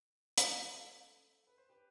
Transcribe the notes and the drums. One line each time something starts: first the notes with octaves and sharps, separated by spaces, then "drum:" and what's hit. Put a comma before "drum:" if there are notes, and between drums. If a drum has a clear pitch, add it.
drum: hi-hat
A4 C5
B4
C5
G4 B4